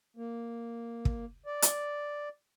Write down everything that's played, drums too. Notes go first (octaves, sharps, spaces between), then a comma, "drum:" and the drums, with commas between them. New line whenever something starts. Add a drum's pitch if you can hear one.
A#3
drum: kick
D5
drum: hi-hat